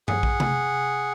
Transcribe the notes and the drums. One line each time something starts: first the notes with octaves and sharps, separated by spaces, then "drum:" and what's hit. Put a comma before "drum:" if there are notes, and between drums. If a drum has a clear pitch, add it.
G#4 F#5, drum: tom G2
drum: kick A#1
drum: tom C3